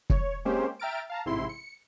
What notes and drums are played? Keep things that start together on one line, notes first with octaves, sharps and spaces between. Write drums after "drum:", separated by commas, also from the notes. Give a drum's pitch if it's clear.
C#5, drum: kick
G#3 A#3 C4 C#4 G4 C5
E5 G5 A#5 F6 A6 D7
F5 A5 A#5
A1 G#2 C3 E4 C6
C#7